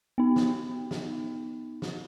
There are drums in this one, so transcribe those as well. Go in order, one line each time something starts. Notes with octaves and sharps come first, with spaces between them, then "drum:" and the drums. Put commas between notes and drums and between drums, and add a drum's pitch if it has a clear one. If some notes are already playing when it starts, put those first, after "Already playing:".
B3 D#4
drum: snare
drum: snare
drum: snare